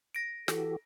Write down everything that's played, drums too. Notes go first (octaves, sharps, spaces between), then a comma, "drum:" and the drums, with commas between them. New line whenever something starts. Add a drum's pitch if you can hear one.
A#6 D7
E3 F#4 G4 A4, drum: snare